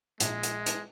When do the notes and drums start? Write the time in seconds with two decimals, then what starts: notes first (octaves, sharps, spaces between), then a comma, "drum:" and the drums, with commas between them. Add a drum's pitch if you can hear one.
0.20 A#1 G#3, drum: hi-hat
0.43 drum: hi-hat
0.66 drum: hi-hat